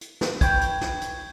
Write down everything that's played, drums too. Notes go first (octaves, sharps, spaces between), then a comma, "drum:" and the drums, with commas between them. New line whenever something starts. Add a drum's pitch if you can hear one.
drum: hi-hat
drum: snare
B4 C#5 G5 G#6, drum: kick, hi-hat
drum: hi-hat
drum: snare
drum: hi-hat